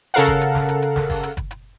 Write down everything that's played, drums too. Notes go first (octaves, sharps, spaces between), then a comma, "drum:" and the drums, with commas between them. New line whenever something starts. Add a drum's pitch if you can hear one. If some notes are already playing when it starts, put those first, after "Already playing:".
C#3 A4 A#4 F5 F#5, drum: hi-hat
drum: kick, hi-hat
drum: hi-hat
drum: snare
drum: hi-hat
drum: hi-hat
drum: snare
drum: kick, open hi-hat
drum: hi-hat
drum: kick, hi-hat
drum: hi-hat